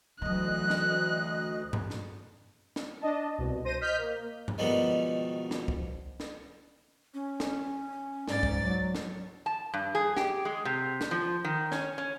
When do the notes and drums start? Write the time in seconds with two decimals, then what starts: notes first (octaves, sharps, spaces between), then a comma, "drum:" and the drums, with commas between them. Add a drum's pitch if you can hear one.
0.22 D2 E3 F#3 D#5 F#6
0.70 drum: snare
1.73 drum: tom G2
1.90 drum: snare
2.76 drum: snare
3.01 D4 D#5 A5
3.38 C2 B2
3.64 C5 A#6 D#7
3.81 D#5 F6 G6 B6
3.98 A#3
4.48 drum: tom G2
4.58 B2 D#3 F3 G3 G#3
5.51 drum: snare
5.68 drum: kick
6.20 drum: snare
7.14 C#4
7.40 drum: snare
8.28 G#2 D5 A6, drum: snare
8.43 drum: kick
8.60 F#3
8.95 drum: snare
9.46 A5
9.74 G2
9.95 G#4
10.17 G4, drum: snare
10.45 G#3
10.65 C3
11.01 drum: snare
11.11 F3
11.45 D#3
11.72 C#4, drum: snare
11.98 C#4